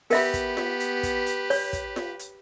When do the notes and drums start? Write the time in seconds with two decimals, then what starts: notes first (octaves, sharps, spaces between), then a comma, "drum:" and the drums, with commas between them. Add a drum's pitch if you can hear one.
0.10 B3 G4 A#4 B4 E5 B5, drum: open hi-hat
0.34 drum: kick, hi-hat
0.57 drum: snare F4
0.80 drum: hi-hat
1.03 drum: kick, hi-hat
1.27 drum: hi-hat
1.50 C#5, drum: open hi-hat
1.73 drum: kick, hi-hat
1.96 drum: snare F4
2.19 drum: hi-hat